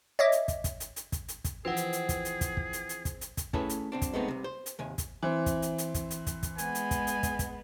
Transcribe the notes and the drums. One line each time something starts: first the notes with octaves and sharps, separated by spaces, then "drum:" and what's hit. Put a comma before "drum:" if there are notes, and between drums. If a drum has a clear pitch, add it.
C#5 D#5 E5 D6
drum: hi-hat
drum: kick, hi-hat
drum: kick, hi-hat
drum: hi-hat
drum: hi-hat
drum: kick, hi-hat
drum: hi-hat
drum: kick, hi-hat
E3 F3 C4 G#4 B4 F#5
drum: hi-hat
drum: hi-hat
drum: kick, hi-hat
drum: hi-hat
drum: kick, hi-hat
drum: kick
drum: hi-hat
drum: hi-hat
drum: kick, hi-hat
drum: hi-hat
drum: kick, hi-hat
A3 C#4 E4 G#4 A4 B4, drum: kick
drum: hi-hat
C2 C4 D4
drum: kick, hi-hat
G#3 A3 B3 C4 D#4
C2 C3
C5
drum: hi-hat
D#2 C3 G#5
drum: kick, hi-hat
E3 C4
drum: kick, hi-hat
drum: hi-hat
drum: hi-hat
drum: kick, hi-hat
drum: hi-hat
drum: kick, hi-hat
drum: kick, hi-hat
G#3 B3 G#5, drum: hi-hat
drum: hi-hat
drum: kick, hi-hat
drum: hi-hat
drum: kick, hi-hat
drum: kick, hi-hat